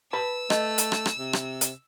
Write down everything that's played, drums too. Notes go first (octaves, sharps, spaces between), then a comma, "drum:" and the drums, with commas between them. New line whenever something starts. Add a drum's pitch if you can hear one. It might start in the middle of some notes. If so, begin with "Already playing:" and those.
B4 A5 E6
A3 D#5, drum: rim click
drum: hi-hat
drum: rim click
drum: rim click
C3
drum: rim click
drum: hi-hat